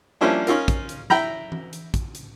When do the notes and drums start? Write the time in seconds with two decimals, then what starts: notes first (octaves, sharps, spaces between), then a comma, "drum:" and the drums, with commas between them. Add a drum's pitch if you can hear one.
0.21 F3 G3 A#3 C#4 D4 E4
0.47 C#4 D#4 F4 A#4, drum: hi-hat
0.68 drum: kick, hi-hat
0.89 drum: hi-hat
1.10 E4 G5 A#5 B5, drum: snare
1.52 drum: tom E3
1.73 drum: hi-hat
1.94 drum: kick, hi-hat
2.15 drum: hi-hat